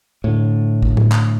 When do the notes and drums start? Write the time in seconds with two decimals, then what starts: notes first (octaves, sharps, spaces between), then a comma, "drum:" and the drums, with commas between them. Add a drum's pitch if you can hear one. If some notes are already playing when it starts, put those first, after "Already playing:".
0.24 A2 D3
0.83 drum: kick
0.97 drum: tom A2
1.12 drum: clap